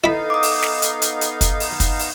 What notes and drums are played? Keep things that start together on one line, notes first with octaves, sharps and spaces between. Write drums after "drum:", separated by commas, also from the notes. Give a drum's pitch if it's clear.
B3 D#4 E4 A4 D#5 F5 B5
D6 D#6
drum: open hi-hat
drum: snare
drum: hi-hat
drum: hi-hat
drum: hi-hat
drum: kick, hi-hat
drum: open hi-hat
drum: kick, hi-hat
drum: open hi-hat